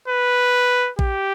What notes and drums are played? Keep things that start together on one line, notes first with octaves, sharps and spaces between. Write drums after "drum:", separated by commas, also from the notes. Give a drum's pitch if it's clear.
B4
G4, drum: kick A#1